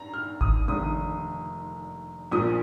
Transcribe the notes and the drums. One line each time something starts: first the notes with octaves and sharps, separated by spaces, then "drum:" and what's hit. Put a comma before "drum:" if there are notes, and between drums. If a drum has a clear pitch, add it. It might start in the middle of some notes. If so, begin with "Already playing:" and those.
Already playing: G2 A#5
F6
D#6, drum: kick G#1
F1 D#2 D3 D#6
A#1 A#2 F3 D#6